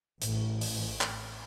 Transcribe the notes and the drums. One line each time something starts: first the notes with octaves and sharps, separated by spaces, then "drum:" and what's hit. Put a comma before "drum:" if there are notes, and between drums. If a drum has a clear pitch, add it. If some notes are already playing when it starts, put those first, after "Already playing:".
A1, drum: hi-hat
drum: open hi-hat
drum: clap